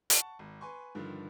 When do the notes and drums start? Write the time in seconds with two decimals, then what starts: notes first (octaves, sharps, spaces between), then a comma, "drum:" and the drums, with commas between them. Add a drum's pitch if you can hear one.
0.10 F#5 A5 C#6, drum: hi-hat
0.39 G#1
0.61 B4 G#5 C6 C#6
0.95 G2 D3 D#3 F3